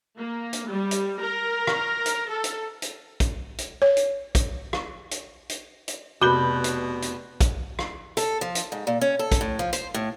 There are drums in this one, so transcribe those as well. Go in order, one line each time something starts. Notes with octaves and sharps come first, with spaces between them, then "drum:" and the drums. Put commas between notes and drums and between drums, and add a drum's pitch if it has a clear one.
A#3
drum: hi-hat
G3
drum: hi-hat
A#4
drum: rim click
drum: hi-hat
A4
drum: hi-hat
drum: hi-hat
drum: kick, hi-hat
drum: hi-hat
C#5
drum: hi-hat
drum: kick, hi-hat
drum: rim click
drum: hi-hat
drum: hi-hat
drum: hi-hat
F1 B2 F#4 B4 G6 G7
drum: hi-hat
drum: hi-hat
drum: kick, hi-hat
drum: rim click
A4, drum: hi-hat
F3
drum: hi-hat
G#2
A#2
C#4
A4
drum: kick, hi-hat
A2
F3
C5, drum: hi-hat
A2